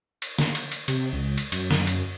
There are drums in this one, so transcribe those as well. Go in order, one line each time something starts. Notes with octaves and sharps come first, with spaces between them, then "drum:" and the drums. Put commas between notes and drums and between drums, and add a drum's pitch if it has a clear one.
drum: cymbal
drum: snare
drum: cymbal
drum: cymbal
C3, drum: cymbal
C#2
drum: cymbal
F#2, drum: cymbal
drum: snare
drum: cymbal